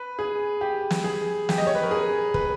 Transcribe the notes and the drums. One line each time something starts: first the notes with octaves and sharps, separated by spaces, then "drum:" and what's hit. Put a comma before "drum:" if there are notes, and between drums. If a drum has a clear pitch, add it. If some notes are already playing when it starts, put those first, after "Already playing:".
Already playing: B4
G#4
G4
drum: snare
G#4
G4, drum: snare
D#5
C#5
B4
A#4
G#4
B4, drum: kick